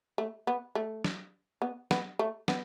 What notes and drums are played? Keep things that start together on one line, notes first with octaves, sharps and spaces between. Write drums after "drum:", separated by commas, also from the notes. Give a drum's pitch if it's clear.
A3
B3
A3
drum: snare
B3
B3, drum: snare
A3
B3, drum: snare